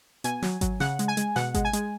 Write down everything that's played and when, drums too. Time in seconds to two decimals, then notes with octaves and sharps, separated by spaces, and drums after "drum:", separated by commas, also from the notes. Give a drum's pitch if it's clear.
0.24 B2 G#5, drum: hi-hat
0.42 F#3, drum: snare
0.61 F#3, drum: kick G#1, hi-hat
0.80 C#3 F#5, drum: snare
0.99 G#3, drum: hi-hat
1.08 G#5
1.17 G#3, drum: hi-hat
1.36 B2 F#5, drum: snare
1.54 G#3, drum: kick G#1, hi-hat
1.65 G#5
1.73 G#3, drum: hi-hat